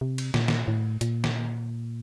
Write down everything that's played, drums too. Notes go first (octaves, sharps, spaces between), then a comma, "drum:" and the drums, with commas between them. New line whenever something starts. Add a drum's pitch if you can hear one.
C3
drum: cymbal
A#2, drum: snare
drum: snare
A2
A#2, drum: hi-hat
drum: snare